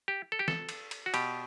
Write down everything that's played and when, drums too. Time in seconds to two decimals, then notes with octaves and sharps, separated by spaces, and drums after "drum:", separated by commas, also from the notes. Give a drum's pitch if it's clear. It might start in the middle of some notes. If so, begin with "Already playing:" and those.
0.08 G4
0.32 A4
0.39 G4
0.48 A4, drum: snare
0.69 drum: cymbal
0.91 drum: cymbal
1.06 F#4
1.14 B2 G4, drum: cymbal